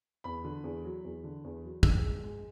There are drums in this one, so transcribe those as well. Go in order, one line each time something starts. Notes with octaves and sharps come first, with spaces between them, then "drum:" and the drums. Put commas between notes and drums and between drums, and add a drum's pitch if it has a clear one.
E2 B5
D3
E2
F#3
E2
D3
E2
F#3
G#2 E6, drum: kick
G#3
G#3